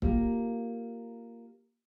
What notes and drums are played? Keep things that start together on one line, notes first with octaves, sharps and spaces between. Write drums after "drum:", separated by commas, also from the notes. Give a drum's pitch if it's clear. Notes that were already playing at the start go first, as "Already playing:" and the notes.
A#3 F4 G4 A#4, drum: kick C#1